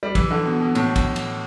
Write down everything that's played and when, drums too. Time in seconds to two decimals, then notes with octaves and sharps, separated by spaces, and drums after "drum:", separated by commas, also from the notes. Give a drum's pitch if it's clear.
0.03 G3
0.15 E3, drum: kick, cymbal
0.31 D3
0.45 B2
0.61 B2
0.75 A2, drum: cymbal
0.96 drum: kick, cymbal
1.16 drum: cymbal